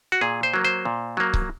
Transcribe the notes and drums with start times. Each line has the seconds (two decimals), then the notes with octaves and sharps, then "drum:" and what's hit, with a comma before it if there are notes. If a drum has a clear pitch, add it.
0.12 F#4
0.21 A#2 G#4
0.43 C5
0.54 F#3 A#3
0.65 C5
0.85 A#2
1.17 F#3 A#3
1.34 drum: kick C#1